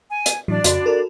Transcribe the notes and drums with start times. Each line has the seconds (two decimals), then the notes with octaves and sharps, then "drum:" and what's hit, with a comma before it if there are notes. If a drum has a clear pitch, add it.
0.11 G#5
0.26 drum: hi-hat
0.48 A2 E3 F#3 D4 D5
0.64 F2 C#3 F#4 C6, drum: hi-hat
0.86 A4 A#4